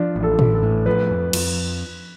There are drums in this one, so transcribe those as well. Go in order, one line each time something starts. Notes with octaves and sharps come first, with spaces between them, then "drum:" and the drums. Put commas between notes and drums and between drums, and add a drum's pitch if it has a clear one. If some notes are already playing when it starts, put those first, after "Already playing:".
Already playing: F3 D4
A1
A4
A1, drum: tom A2
A4
A2
F3 B4
F2
F2, drum: cymbal